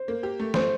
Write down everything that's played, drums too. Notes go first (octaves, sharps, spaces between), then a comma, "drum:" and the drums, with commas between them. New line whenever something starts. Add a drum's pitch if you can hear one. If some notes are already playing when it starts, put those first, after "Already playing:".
Already playing: C5
A#3
G4
A3
A3 C5, drum: snare